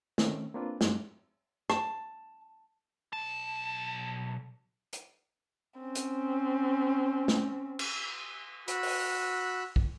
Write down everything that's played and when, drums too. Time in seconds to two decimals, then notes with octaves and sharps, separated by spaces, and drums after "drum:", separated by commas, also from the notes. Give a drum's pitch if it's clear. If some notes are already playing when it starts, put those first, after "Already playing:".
0.18 D#3 A3 C4 C#4, drum: snare
0.54 A#3 C4 D4 F4 B4
0.81 G2 F#3 G#3 C4, drum: snare
1.70 A5, drum: rim click
3.13 B1 A5
4.93 drum: hi-hat
5.80 C4 C#4
5.95 drum: hi-hat
7.28 drum: snare
7.79 drum: cymbal
8.68 F#4 B5 E6 F#6, drum: hi-hat
8.83 drum: open hi-hat
9.76 drum: kick